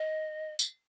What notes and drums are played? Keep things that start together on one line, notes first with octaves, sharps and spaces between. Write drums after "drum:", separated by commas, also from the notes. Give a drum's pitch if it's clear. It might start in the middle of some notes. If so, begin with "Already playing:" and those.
Already playing: D#5
drum: tambourine